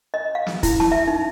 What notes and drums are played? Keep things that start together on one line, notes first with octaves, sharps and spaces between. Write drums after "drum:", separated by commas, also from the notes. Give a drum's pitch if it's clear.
D#5
F5
drum: snare
E4, drum: kick, hi-hat
A5, drum: snare
E5
D#4